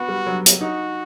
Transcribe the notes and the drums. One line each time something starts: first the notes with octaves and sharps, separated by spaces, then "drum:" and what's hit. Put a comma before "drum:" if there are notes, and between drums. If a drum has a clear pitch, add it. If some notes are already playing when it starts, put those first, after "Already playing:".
Already playing: B3 F#4
G3
F#3
drum: hi-hat
D#4 F#4